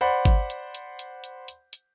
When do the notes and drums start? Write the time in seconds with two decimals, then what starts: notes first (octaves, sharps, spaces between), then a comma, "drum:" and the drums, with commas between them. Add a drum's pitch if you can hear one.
0.01 C5 D5 F#5 B5
0.25 drum: kick G#1, hi-hat
0.50 drum: hi-hat
0.75 drum: hi-hat
0.99 drum: hi-hat
1.24 drum: hi-hat
1.48 drum: hi-hat
1.73 drum: hi-hat